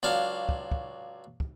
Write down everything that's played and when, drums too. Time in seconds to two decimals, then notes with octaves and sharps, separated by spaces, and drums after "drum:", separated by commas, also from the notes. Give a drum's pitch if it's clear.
0.03 C#2 F#3 D4 F5
0.49 drum: kick
0.72 drum: kick
1.40 drum: kick